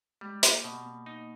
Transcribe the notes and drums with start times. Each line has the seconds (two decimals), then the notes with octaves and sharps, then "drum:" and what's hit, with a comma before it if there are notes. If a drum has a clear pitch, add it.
0.21 G3 G#3
0.34 G#3
0.43 A#3, drum: hi-hat
0.64 B2
0.85 A#3
1.06 D#4